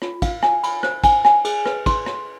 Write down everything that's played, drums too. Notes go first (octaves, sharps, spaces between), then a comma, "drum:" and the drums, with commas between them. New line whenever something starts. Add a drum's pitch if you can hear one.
F4, drum: rim click
F5, drum: kick, cymbal
G#5, drum: rim click
B5, drum: cymbal
C5, drum: rim click
G#5, drum: kick, cymbal
G#5, drum: rim click
G#4, drum: cymbal
B4, drum: rim click
C6, drum: kick, cymbal
drum: rim click